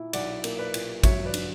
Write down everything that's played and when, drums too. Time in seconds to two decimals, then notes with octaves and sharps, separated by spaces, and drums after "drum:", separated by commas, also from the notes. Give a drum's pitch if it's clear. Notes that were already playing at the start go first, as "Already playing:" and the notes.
Already playing: A#2 E4
0.13 B1 D5 F#5, drum: cymbal
0.44 A#3, drum: cymbal
0.59 B4 D5
0.74 A#2, drum: cymbal
1.03 F#3 C#5 E5, drum: kick A1, cymbal
1.25 B4 D5
1.34 D3, drum: cymbal